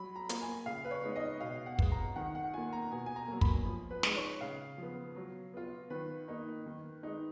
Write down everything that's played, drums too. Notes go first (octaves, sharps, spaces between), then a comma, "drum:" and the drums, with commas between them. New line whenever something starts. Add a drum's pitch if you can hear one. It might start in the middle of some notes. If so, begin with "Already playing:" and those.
Already playing: F#3 B5
A#5
A#3 F4, drum: hi-hat
G#5
C#3 F5
B4
C#5
G#3 B3 D#4
D#5
B2 F5
F#5
G#3 B3, drum: kick
A#5
D#3 F#5
F#5
A#3 F4 G#5
A#5
B2 G#5
G#5
A#5
F#3 A#3
B5, drum: kick
F3
B4
G#3 D#4, drum: snare
C#5
C#3 F5
F3 B3
F#3
B3 F4
D#3 B4
A#3 D#4
D#3
G#3 D#4